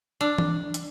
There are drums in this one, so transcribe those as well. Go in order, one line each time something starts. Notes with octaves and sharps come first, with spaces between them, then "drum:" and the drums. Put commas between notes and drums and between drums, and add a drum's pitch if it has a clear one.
D4
drum: tom
drum: hi-hat